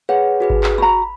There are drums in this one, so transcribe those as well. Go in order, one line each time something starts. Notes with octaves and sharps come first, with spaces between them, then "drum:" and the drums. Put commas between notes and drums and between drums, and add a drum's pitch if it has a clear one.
G#4 B4 C#5 F#5
F#4 G#4 B4
drum: kick G#1
drum: clap
F#4 A#5 B5